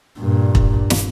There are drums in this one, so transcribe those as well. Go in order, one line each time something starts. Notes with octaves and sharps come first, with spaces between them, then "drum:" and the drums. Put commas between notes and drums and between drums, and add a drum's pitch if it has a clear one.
G2 A#2
drum: kick E1
drum: snare